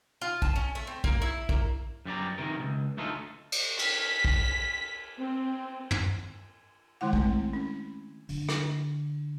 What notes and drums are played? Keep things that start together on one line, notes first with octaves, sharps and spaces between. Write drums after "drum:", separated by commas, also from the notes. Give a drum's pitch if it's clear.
F4
A5, drum: kick
C#4
A3
C4
A#3, drum: kick
E4
A#3, drum: kick
F#2 G3 D5 A#5
C3 D#3 A#4
C#2
D2 A3 D#4 F4 A4
drum: cymbal
B6, drum: cymbal
drum: kick
C4
drum: tom
D#3 G#3 E4 F#5
A3 C4, drum: kick
C#4
D3, drum: open hi-hat
drum: rim click